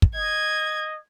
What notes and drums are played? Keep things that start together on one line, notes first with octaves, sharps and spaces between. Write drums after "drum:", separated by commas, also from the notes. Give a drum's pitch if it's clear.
drum: kick
D#5 G#6